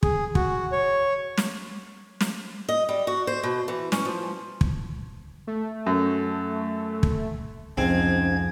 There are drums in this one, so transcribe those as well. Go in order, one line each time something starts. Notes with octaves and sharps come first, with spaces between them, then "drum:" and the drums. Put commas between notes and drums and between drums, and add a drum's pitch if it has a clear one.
G#4, drum: kick
F#4, drum: kick
C#5
drum: snare
drum: snare
D#5
G3
F#4
C5
B2
E3
C#4, drum: snare
F3
drum: kick
A3
F#2
drum: kick
C2 F2 G#2 F3 C4 C#4 G#6